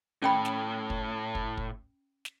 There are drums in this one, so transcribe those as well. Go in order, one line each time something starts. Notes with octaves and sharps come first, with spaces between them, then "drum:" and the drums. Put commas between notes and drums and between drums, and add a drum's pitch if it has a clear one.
A2 C#4 G5 B5
drum: snare
drum: kick
drum: kick
drum: kick
drum: snare